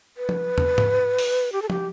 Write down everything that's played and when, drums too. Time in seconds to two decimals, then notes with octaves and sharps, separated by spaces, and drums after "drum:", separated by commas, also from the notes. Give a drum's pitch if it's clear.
0.17 B4
0.29 drum: tom
0.58 drum: tom
0.78 drum: tom G#2
1.19 drum: open hi-hat
1.52 G4
1.62 A4
1.70 G4, drum: tom